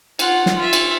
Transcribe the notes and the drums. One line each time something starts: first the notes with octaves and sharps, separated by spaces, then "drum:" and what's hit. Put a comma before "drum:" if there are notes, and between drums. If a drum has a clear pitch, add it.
F4 F#5, drum: cymbal
drum: snare
F4 E5
drum: cymbal